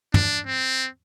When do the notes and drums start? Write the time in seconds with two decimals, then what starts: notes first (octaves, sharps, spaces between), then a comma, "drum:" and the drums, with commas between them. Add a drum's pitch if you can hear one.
0.14 D4, drum: tom
0.47 C4